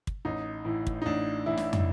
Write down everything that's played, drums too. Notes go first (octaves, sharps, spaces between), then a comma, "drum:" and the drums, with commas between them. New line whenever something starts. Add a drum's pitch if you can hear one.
drum: kick
A1 D#4
A2 E3
drum: kick
D#4
A1 D4
A2 E3 E4
drum: snare
drum: tom